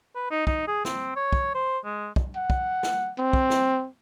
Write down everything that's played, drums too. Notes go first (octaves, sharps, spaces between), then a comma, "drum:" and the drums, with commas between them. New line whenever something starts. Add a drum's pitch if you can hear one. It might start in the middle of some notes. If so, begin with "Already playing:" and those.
B4
D#4
D#4, drum: kick
G#4
C4, drum: snare
C#5
drum: kick
C5
G#3
drum: kick
F#5
drum: kick
drum: snare
C4
drum: kick
drum: snare